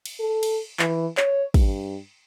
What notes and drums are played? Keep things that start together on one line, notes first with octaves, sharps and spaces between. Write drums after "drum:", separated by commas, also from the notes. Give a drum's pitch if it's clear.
drum: cymbal
A4
drum: cymbal
E3, drum: clap
C#5, drum: clap
G2, drum: kick, cymbal